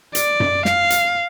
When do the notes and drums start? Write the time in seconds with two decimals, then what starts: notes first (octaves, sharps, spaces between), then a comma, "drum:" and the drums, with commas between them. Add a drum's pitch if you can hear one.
0.15 D5, drum: hi-hat
0.40 drum: tom F#2
0.65 F5, drum: snare
0.90 drum: hi-hat